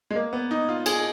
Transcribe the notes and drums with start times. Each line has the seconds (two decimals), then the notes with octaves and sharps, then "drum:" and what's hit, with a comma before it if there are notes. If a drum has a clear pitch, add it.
0.10 G#3
0.15 A#3
0.33 B3
0.51 D#4
0.69 F4
0.86 G#4, drum: cymbal